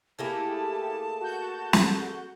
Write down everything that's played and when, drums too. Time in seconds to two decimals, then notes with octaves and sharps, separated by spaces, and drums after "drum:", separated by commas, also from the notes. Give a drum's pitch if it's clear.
0.19 A3 A#3 E4 G4 G#4 A5
1.21 F#4 G6
1.73 drum: snare